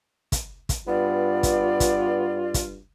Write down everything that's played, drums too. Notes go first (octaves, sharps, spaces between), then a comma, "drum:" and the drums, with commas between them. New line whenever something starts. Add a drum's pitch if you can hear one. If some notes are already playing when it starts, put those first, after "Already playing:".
drum: kick, hi-hat
drum: kick, hi-hat
G2 B3 F4 D5
drum: kick, hi-hat
drum: kick, hi-hat
drum: kick, hi-hat